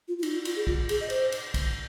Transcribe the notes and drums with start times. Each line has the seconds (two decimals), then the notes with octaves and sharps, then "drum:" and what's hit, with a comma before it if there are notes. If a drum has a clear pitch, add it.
0.08 F4
0.19 F4
0.23 D#4, drum: cymbal
0.34 F4
0.45 F4, drum: cymbal
0.56 G#4
0.67 F4, drum: kick
0.89 G#4, drum: cymbal
1.01 D#5
1.10 C5, drum: cymbal
1.32 drum: cymbal
1.54 drum: kick, cymbal